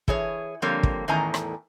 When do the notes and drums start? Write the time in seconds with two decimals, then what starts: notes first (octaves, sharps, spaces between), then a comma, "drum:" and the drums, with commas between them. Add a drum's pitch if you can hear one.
0.08 E3 G#4 C#5, drum: kick
0.62 D3 F3 G3 A#3 C4 C#5
0.83 drum: kick
1.08 E2 A2 D#3 C#4 G#5 A#5
1.34 drum: rim click